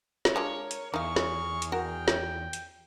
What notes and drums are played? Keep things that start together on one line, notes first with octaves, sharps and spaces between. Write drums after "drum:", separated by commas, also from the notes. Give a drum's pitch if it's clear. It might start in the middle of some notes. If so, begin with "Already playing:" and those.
drum: snare
G#3 D4 F4 A#4 C#5
drum: hi-hat
E2 D#4 G#4 F5 C#6 F6
drum: snare
drum: hi-hat
F#4 A#4 G5
drum: snare
drum: hi-hat